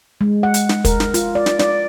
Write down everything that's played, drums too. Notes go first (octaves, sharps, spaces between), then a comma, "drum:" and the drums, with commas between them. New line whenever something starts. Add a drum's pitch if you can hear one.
G#3
F#5
drum: hi-hat
drum: snare
A#4, drum: kick, hi-hat
drum: snare
F4, drum: hi-hat
D5
drum: snare
D5, drum: snare